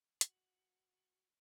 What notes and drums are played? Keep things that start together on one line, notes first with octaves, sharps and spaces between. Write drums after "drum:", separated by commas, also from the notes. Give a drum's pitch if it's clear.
F#4, drum: hi-hat